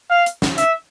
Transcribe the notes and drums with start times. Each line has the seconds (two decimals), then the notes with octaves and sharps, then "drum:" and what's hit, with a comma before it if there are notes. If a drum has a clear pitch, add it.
0.10 F5
0.26 drum: hi-hat
0.42 drum: snare
0.58 E5, drum: hi-hat